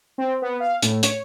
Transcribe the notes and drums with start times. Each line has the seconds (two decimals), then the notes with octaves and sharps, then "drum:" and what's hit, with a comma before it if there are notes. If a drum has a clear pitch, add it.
0.18 C4
0.42 B3
0.60 F5
0.82 A2, drum: hi-hat
1.03 C#5, drum: hi-hat